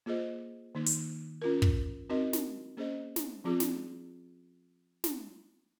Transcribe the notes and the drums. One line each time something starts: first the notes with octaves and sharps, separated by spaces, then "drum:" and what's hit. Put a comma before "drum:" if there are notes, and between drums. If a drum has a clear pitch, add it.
A#3 F4 G#4 C5 D#5
D#3 A#3 D#4
drum: hi-hat
C#4 F4 A#4
drum: kick
C4 D#4 F#4 A#4 D#5
drum: snare
A#3 C#4 G#4 C5 D#5
drum: snare
F3 C4 F4 G#4
drum: snare
drum: snare